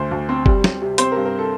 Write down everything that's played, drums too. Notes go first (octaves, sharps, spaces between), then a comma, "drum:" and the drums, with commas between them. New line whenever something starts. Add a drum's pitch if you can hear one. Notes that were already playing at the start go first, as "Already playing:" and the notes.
Already playing: D2 C5
D2
C4
G3, drum: kick F#1
G3, drum: snare
C3
C4 C5, drum: hi-hat
G2 A#4
A#4
A4